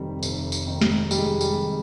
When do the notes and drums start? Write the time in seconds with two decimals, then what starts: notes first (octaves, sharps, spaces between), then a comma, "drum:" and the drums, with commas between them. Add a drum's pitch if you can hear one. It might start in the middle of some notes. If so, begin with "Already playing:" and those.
Already playing: F1 F2 D#3 G3
0.23 F1, drum: tambourine
0.52 drum: tambourine
0.67 F2 D#3
0.81 drum: snare
1.11 F1 G3, drum: tambourine
1.18 G#3
1.25 G3
1.41 G3, drum: tambourine
1.55 F2 D#3